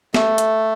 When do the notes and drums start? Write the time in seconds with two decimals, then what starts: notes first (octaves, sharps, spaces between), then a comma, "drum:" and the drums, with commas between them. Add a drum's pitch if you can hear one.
0.14 A3, drum: snare
0.38 drum: hi-hat